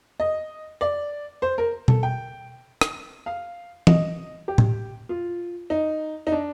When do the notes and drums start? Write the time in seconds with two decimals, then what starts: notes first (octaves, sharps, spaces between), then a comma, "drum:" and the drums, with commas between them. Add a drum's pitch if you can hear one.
0.20 D#5
0.81 D5
1.42 C5
1.58 A#4
1.88 A4, drum: tom B2
2.03 G5
2.81 drum: rim click
3.26 F5
3.87 D#5, drum: tom
4.48 G4
4.58 drum: tom A2
5.09 F4
5.70 D#4
6.27 D#4
6.32 D4